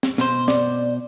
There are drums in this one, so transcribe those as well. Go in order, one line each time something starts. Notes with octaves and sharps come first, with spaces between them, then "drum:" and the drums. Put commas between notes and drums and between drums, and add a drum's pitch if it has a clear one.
drum: snare
B2 C5, drum: snare
D5, drum: snare